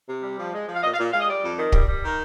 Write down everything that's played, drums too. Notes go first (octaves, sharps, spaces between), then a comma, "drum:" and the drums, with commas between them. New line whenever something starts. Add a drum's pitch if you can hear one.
C3
G3
F3
G#3
F3
F5
A#2 D#5
F5
A#2
G#3 F5
D#5
G3 D5
F2
D#3
G3, drum: kick
G3
D#3 A#4